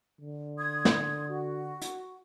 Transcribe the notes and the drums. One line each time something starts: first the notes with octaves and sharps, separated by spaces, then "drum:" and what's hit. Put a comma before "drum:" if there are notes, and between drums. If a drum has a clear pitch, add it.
D3
C6 D#6 G#6
drum: snare
F#4
drum: hi-hat